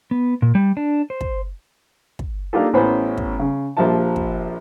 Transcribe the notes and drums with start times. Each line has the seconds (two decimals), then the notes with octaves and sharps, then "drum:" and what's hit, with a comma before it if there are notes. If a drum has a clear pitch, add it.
0.11 B3
0.42 A#2
0.55 G3
0.77 D4
1.10 C5
1.21 drum: kick
2.19 drum: kick
2.53 A#3 D4 D#4 F4 G4 A4
2.73 A1 E3 B3 C#4 C5 B5
3.17 drum: kick
3.40 C#3
3.77 A#1 F3 A#3 G4 E5 A5
4.16 drum: kick